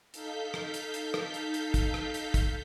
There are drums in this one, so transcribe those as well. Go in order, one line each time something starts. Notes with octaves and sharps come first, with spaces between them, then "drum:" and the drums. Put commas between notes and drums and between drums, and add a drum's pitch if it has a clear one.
D#4 A4 F5 G6 B6, drum: hi-hat
drum: rim click
drum: hi-hat
drum: hi-hat
drum: rim click
drum: hi-hat
drum: hi-hat
drum: kick, hi-hat
drum: rim click
drum: hi-hat
drum: kick, hi-hat